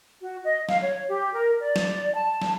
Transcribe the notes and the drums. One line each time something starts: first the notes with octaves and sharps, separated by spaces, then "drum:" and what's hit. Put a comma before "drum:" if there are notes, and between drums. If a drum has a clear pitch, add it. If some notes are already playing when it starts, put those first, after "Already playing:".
F#4
D#5
F5, drum: snare
C#5
G4
A#4
D5
drum: snare
A5
drum: snare